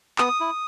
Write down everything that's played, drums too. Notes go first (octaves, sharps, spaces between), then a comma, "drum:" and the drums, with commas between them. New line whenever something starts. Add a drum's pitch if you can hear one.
B3 D#6, drum: clap
E4